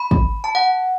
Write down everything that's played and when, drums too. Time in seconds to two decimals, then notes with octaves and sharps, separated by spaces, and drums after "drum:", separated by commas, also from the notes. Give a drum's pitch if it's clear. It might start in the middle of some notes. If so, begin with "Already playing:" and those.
Already playing: B5
0.11 drum: kick
0.44 A5
0.55 F#5